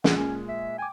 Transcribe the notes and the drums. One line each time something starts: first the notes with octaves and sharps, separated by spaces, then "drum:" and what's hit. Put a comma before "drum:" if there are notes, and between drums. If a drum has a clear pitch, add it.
A#2 G#3 F#5, drum: snare
C#4
E5
G5 G#5 D6